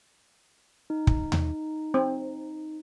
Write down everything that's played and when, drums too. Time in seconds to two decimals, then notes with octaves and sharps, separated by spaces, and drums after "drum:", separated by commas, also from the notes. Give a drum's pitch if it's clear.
0.90 D#4
1.07 drum: kick
1.32 drum: tom D#2
1.94 C4